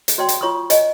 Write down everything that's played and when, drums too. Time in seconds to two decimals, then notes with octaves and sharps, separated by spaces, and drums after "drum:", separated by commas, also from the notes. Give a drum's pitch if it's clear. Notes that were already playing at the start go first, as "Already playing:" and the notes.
0.08 drum: hi-hat
0.18 F#4 C#5 D5 G5 C6
0.29 drum: hi-hat
0.41 F4 C#5 B5 C#6 D#6
0.70 C#5 D#5 G#5, drum: hi-hat